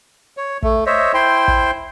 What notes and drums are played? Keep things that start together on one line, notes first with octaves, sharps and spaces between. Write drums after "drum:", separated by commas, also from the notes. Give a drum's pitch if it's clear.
C#5
A3, drum: kick
C5 C#5 D#5 E5
E4 C5 G5 C6
drum: kick